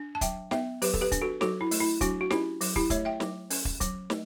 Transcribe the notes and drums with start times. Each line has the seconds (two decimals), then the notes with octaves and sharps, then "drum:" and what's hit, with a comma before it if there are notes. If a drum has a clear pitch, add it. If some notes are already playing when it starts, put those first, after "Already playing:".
Already playing: D4
0.15 A5
0.21 F#3 E5 G5, drum: kick, hi-hat
0.51 B3 E5 G5, drum: snare
0.82 F#3 G4 B4, drum: open hi-hat
0.94 A4, drum: kick
1.01 G4 B4
1.12 D4, drum: kick, hi-hat
1.22 F#4 A4
1.41 F#3 F#4 A4, drum: snare
1.61 E4
1.71 A3, drum: open hi-hat
1.80 E4
2.01 F#3 D4 F#4, drum: kick, hi-hat
2.21 F#4
2.30 C#4 E4 G4, drum: snare
2.61 F#3, drum: open hi-hat
2.76 E4 G4, drum: kick
2.90 A3 C#5 E5, drum: kick, hi-hat
3.05 E5 G5
3.20 F#3, drum: snare
3.50 C#4, drum: open hi-hat
3.65 drum: kick
3.81 F#3, drum: kick, hi-hat
4.10 A3, drum: snare